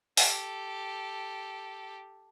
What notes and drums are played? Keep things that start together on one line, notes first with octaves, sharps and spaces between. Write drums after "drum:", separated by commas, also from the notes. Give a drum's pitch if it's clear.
G4 A4, drum: open hi-hat